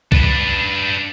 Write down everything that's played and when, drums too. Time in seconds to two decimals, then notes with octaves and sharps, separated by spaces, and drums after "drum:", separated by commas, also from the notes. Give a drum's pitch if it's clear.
0.12 D4 B4, drum: kick C2